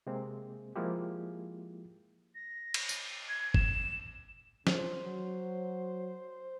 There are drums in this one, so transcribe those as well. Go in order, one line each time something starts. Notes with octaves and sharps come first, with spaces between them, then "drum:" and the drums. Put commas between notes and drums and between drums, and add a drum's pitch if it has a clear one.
C3 G#3 A#3 C4
F3 G#3 A#3 E4 F4 G4
A#6
drum: cymbal
drum: tambourine
G#6
E7, drum: kick
C#3 F3 C5, drum: snare
F#3